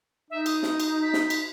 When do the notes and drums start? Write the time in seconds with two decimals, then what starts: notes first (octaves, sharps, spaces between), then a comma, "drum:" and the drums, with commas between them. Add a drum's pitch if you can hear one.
0.30 D#4 E5
0.46 D#6, drum: cymbal
0.63 drum: snare
0.80 drum: cymbal
1.03 B6
1.13 drum: snare
1.30 drum: cymbal